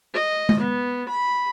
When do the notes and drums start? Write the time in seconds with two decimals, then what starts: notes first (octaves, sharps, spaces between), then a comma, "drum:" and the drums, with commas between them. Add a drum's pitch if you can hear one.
0.14 D#5
0.49 drum: tom G#3
0.60 B3
1.09 B5